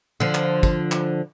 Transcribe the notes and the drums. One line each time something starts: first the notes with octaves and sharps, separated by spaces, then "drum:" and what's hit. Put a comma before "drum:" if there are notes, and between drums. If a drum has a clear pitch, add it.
D3 F3
drum: clap
drum: kick, tambourine
drum: clap